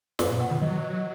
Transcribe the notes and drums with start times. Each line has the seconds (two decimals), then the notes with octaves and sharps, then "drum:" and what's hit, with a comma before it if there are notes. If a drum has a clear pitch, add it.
0.19 F#2 B4, drum: snare
0.30 A#2
0.40 B2 F#5
0.50 D#3
0.61 F#3 D#5
0.82 D#5